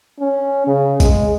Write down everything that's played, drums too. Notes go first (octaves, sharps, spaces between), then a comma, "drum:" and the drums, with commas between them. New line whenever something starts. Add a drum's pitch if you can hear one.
C#4
C#3
G#3, drum: kick, tambourine